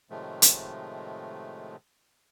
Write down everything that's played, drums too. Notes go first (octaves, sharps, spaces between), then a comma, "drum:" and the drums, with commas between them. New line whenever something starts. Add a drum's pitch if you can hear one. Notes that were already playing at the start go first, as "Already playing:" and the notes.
A2 C3 D#3 F3 G#3 A3
drum: hi-hat